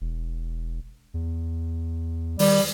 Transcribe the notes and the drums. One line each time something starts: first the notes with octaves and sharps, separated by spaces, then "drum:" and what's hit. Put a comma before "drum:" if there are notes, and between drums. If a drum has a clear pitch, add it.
E1
E2
D#3 G3, drum: open hi-hat